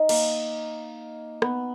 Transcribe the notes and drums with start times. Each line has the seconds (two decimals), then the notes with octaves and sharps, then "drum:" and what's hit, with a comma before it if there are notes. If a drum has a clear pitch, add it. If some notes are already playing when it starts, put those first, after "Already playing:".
Already playing: D#4
0.09 A#3, drum: cymbal
1.42 B3, drum: rim click